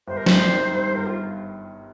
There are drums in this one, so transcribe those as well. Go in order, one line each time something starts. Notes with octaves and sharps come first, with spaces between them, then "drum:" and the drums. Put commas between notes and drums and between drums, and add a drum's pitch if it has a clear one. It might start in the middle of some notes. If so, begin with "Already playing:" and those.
G1 C5
A#4
C4 C5, drum: snare
D#3
G2
G1 A#4
F4